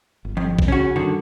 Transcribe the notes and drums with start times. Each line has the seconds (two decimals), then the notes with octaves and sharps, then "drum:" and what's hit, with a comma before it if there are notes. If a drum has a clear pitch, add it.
0.25 G1
0.37 F2
0.59 drum: kick A#1
0.68 C#3 C#4 F#4
0.96 G2 D3 D#3 F#4